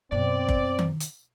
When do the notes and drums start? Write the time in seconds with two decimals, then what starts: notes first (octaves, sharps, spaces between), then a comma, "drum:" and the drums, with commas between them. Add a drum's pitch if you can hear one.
0.12 F#2 B2 C4 D5
0.49 drum: kick F#1
0.79 drum: tom D#3
1.00 drum: hi-hat